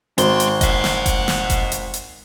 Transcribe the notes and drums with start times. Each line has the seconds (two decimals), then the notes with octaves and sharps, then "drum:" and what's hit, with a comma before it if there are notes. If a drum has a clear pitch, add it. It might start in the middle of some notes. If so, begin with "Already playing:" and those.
0.18 G#1 C#4 C6, drum: hi-hat
0.40 drum: hi-hat
0.61 D#5 F#5, drum: kick F1, hi-hat
0.84 drum: snare
1.06 drum: kick F1, hi-hat
1.28 drum: snare
1.50 drum: kick F1, hi-hat
1.72 drum: hi-hat
1.94 drum: hi-hat